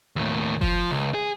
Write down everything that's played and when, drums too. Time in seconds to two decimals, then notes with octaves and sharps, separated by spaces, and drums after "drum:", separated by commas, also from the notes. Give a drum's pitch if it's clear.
0.16 D#2 A2
0.61 F3, drum: kick F#1
0.91 C#2
1.14 G#4